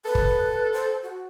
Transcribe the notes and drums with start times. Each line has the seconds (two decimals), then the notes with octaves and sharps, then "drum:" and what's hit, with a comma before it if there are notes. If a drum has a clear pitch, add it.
0.05 A4 B4
0.15 drum: kick
0.73 C5
1.02 F#4